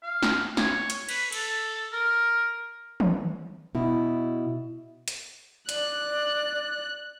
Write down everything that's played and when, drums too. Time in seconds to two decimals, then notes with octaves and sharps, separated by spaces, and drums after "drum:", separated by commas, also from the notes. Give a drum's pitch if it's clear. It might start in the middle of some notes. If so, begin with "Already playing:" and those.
0.03 F5
0.23 drum: snare
0.57 C#5, drum: snare
0.90 drum: hi-hat
1.09 B4, drum: cymbal
1.32 A4, drum: cymbal
1.92 A#4
3.00 drum: tom
3.75 B2 E4
5.08 drum: hi-hat
5.69 D5 F#6, drum: hi-hat